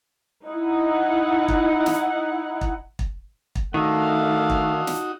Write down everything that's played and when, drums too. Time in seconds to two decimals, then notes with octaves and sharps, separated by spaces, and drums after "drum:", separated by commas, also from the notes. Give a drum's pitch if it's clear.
0.45 D#4 E4 F#5
1.48 drum: kick
1.86 drum: snare
2.61 drum: kick
2.99 drum: kick
3.55 drum: kick
3.74 D#3 A3 D4 D#4 F#4 E5 F5
4.50 drum: kick
4.87 drum: snare